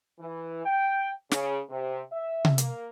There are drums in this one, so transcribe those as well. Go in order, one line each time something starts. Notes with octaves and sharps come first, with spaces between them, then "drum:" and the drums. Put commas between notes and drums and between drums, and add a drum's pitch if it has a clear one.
E3
G5
C#3, drum: snare
C3
E5
drum: tom C3
A#3, drum: hi-hat